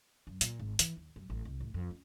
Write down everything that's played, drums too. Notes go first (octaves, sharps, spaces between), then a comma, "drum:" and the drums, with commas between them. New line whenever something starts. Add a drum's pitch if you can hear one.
F#2
A#2, drum: hi-hat
G#1
E3, drum: hi-hat
D#2
F#2
A1
C2
A1
F2
C#4